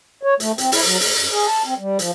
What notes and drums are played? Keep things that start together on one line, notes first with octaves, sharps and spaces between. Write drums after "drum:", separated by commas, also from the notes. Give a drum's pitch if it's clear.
C#5
A3, drum: hi-hat
C4, drum: hi-hat
E4, drum: open hi-hat
F#3, drum: hi-hat
D2, drum: open hi-hat
F#2
G#4
A5
C4
G3
F3, drum: hi-hat